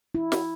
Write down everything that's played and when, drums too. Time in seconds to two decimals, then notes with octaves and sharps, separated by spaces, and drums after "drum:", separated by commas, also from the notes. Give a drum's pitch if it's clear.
0.15 E4
0.32 drum: snare